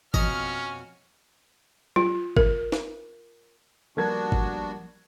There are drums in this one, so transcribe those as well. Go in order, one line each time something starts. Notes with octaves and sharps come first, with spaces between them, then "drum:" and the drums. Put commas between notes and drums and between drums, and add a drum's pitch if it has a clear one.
F2 B2 C#4 F#4 D#5 A#5 F6, drum: kick G#1
F4, drum: tom F#3
A#4, drum: kick G#1
drum: snare
F3 G3 A#3 B3 D4 F#4 A#4 G#6
drum: kick G#1